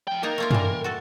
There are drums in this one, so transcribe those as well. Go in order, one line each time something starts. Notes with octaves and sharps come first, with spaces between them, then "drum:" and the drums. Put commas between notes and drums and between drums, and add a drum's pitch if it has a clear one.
F3 G5
A#3 D#4 A#4 A5
A3 A#3 F4
E3 G3, drum: tom
F#4 A4